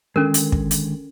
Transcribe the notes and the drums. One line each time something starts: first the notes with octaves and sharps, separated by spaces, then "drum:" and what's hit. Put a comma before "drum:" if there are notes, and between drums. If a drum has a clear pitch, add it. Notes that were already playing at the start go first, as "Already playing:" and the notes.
D3 D#3 G#3 C#4 A4 A#4
drum: hi-hat
drum: kick
drum: hi-hat